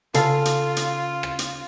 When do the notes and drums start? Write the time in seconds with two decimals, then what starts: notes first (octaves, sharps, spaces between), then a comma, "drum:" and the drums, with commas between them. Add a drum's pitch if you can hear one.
0.14 C#3 F4 A4 F5, drum: hi-hat
0.45 drum: hi-hat
0.76 drum: hi-hat
1.23 drum: rim click
1.39 drum: hi-hat